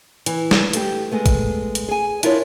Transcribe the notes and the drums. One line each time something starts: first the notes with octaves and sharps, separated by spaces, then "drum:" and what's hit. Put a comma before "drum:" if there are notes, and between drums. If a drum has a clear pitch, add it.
E3, drum: hi-hat
drum: snare
A3 G4, drum: hi-hat
G#3 A3 B3
drum: kick, hi-hat
drum: hi-hat
G#4 G#5
D4 E4 F4 A#4 B4 C#5, drum: hi-hat